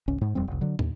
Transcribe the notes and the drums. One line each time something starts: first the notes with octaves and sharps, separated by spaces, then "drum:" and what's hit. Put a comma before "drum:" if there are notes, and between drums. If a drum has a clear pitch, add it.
G#1 C#2 C#4
G#2
D#1 F2 G3 C4
F1 C2
D3 F#3
D#2, drum: tom